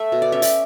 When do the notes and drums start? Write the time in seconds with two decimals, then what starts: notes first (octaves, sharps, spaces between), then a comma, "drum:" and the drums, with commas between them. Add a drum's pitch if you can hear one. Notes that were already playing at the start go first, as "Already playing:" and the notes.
Already playing: A3 E5
0.12 B2
0.22 D5
0.32 C#4 E5
0.42 D5, drum: hi-hat